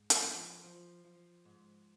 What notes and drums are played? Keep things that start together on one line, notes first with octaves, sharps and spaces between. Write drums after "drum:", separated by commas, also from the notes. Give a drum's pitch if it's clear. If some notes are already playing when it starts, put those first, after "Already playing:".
Already playing: G#2
drum: hi-hat
F3
F3
F3
G#2